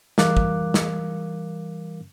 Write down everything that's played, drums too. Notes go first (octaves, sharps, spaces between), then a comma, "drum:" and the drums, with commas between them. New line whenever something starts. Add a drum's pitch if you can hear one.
E3 G3 A#4 F5 D6 F#6, drum: snare
drum: kick
drum: snare